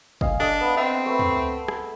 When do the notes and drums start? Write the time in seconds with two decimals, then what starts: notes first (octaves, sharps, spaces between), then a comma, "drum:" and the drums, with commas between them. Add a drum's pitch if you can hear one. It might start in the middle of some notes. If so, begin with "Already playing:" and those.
0.21 D#5 F5 G#5, drum: kick
0.40 D4 A4 D#5 A5
0.61 B3 F5
0.77 C4 E5
1.06 A3 B4
1.19 drum: tom
1.68 drum: rim click